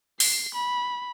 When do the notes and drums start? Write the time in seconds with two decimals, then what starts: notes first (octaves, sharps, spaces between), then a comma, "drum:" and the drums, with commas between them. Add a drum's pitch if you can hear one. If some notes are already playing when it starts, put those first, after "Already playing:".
0.20 C7, drum: open hi-hat
0.55 B5